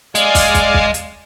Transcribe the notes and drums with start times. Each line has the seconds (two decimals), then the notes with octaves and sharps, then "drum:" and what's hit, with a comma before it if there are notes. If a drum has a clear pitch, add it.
0.15 G#3 D5 F5 G#5, drum: hi-hat
0.35 drum: kick, open hi-hat
0.54 drum: kick, hi-hat
0.74 drum: kick
0.94 drum: hi-hat